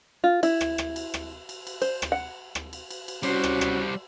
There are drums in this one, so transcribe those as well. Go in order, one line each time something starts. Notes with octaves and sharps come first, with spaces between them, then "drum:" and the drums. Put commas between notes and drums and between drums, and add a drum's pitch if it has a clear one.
F4
E4, drum: cymbal
drum: rim click
drum: rim click
drum: cymbal
drum: rim click
drum: cymbal
drum: cymbal
C5, drum: cymbal
drum: rim click
F#5
drum: rim click
drum: cymbal
drum: cymbal
drum: cymbal
G3 C#4 F#4 C5, drum: cymbal
drum: rim click
drum: rim click